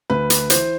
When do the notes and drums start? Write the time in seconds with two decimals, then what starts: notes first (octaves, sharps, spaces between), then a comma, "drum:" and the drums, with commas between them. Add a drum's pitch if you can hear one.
0.10 D2 B4
0.30 drum: hi-hat
0.50 E3 C5, drum: hi-hat